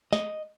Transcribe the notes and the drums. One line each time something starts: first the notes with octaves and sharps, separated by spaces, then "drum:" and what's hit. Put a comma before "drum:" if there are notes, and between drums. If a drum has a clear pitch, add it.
D#5, drum: snare